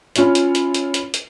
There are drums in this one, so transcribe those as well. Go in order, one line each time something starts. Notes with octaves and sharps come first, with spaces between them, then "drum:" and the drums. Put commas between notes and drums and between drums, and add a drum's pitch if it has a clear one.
C#4 E4 F4 C#5, drum: hi-hat
drum: hi-hat
drum: hi-hat
drum: hi-hat
drum: hi-hat
drum: hi-hat